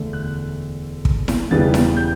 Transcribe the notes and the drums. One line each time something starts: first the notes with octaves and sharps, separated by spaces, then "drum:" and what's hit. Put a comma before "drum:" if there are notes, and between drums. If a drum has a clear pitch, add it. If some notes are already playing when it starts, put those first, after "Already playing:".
Already playing: E1 D2 D3 A3
F#6
drum: kick
drum: snare E4
E1 E2 C#3 E3 G3 A6
drum: snare E4
G6